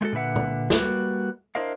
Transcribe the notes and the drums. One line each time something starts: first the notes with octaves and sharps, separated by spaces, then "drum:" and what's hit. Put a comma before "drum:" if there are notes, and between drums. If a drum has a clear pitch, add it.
G#3 A3 F#4 A4
A#2 D3 B4 E5 F#5
drum: tom A#2
G3 A#3 F4 F#4 B4, drum: snare
D4 E4 A#4 C5 D#5 F5